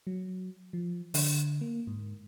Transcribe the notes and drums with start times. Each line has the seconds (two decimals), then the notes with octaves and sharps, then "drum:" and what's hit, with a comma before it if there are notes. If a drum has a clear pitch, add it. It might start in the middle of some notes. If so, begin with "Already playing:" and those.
0.07 F#3
0.73 F3
1.14 D3, drum: open hi-hat
1.61 A#3
1.87 G#2